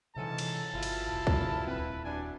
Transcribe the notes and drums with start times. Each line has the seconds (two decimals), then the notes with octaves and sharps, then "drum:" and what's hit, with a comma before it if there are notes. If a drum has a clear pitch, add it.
0.16 F2 G#2 C3 D#3 E3 C#4 A4 A5
0.38 drum: cymbal
0.74 G1 B2 G#3 E4 F4
0.83 drum: cymbal
1.07 F#1 C2
1.27 drum: kick
1.67 D#1 C4 B4
2.05 F#3 G3 D4 G#5